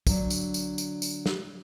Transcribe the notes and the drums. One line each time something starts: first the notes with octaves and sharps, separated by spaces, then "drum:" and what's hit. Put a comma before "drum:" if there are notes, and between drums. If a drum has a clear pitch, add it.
D3 F#3 D4, drum: kick, tambourine
drum: tambourine
drum: tambourine
drum: tambourine
drum: tambourine
drum: snare